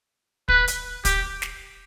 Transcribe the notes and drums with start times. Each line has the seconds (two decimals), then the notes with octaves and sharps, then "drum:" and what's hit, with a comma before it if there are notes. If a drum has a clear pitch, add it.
0.48 B4, drum: kick
0.68 drum: hi-hat
1.05 G4, drum: kick, hi-hat
1.42 drum: snare